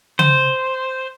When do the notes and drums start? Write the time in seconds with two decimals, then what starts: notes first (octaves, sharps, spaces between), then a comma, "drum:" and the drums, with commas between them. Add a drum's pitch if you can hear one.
0.19 C5, drum: tom C#3